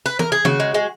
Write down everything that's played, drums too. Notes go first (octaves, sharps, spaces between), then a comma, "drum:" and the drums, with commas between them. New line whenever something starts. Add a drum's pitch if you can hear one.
B4
A#4, drum: tom
G#4
C#3 F#4, drum: tom
G#3
G#3